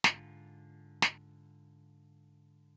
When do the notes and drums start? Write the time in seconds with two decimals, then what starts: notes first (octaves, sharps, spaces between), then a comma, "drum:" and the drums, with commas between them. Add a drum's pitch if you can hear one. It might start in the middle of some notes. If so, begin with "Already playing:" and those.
0.04 G#2 D3 F4, drum: snare
1.02 drum: snare